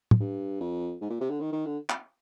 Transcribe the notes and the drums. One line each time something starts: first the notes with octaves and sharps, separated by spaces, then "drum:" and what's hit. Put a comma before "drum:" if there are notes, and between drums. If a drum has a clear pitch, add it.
drum: tom A2
G2
F2
G#2
A#2
C3
D3
D#3
D#3
D3
drum: clap